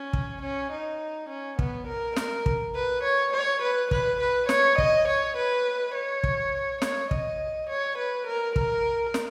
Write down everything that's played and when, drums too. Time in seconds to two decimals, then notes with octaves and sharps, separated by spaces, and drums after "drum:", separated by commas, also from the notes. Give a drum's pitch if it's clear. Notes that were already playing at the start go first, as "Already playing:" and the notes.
Already playing: C#4
0.13 drum: kick
0.42 C#4
0.72 D#4
1.29 C#4
1.59 B3, drum: kick
1.87 A#4
2.16 A#4, drum: snare
2.46 drum: kick
2.75 B4
3.03 C#5
3.33 C#5
3.62 B4
3.91 B4, drum: kick
4.20 B4
4.49 C#5, drum: snare
4.78 D#5, drum: kick
5.08 C#5
5.37 B4
5.94 C#5
6.24 drum: kick
6.82 C#5, drum: snare
7.11 D#5, drum: kick
7.69 C#5
7.98 B4
8.27 A#4
8.56 A#4, drum: kick
9.14 drum: snare